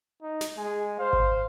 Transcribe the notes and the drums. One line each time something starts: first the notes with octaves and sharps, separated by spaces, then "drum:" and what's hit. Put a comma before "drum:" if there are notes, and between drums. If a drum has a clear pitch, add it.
D#4
drum: snare
G#3 G#4
C5 F5
drum: kick G#1